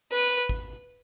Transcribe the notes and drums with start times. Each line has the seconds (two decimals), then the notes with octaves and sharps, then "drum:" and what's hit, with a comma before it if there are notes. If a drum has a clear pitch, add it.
0.11 B4
0.49 drum: kick